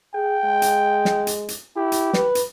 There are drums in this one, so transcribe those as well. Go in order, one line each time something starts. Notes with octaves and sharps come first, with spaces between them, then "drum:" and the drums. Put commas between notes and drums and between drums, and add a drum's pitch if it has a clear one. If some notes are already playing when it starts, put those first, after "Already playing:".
G#4 G5
G#3
drum: hi-hat
drum: snare
drum: hi-hat
drum: hi-hat
E4 G4
drum: hi-hat
B4, drum: snare
drum: hi-hat